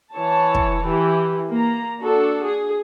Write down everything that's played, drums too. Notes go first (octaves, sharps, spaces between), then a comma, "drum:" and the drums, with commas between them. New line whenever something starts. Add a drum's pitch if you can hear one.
E3 C#5 A5
drum: kick
E3 G4
A#3 A#5
D4 F#4 A4
G#4